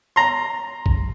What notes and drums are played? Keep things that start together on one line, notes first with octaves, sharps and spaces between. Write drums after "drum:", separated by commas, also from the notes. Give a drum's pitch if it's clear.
A#5 C6
drum: kick